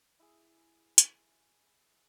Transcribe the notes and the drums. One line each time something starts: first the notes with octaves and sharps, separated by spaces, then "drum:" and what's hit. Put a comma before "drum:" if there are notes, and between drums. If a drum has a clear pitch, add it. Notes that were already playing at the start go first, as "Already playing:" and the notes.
E4 G#4
drum: hi-hat